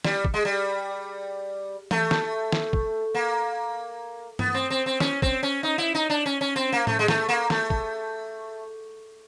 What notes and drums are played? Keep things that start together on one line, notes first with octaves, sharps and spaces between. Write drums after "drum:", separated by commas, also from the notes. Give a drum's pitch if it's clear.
G3, drum: snare
drum: kick
G#3
G3
A3, drum: tom E3
drum: snare
drum: snare
drum: kick
A#3
B3, drum: tom
C4
C4
C4
C#4, drum: snare
C4, drum: kick
C#4
D#4
E4
D#4
D4
C#4
C#4
C4
A#3
A3, drum: tom A2
G#3
A3, drum: snare
A#3
A3, drum: snare
drum: kick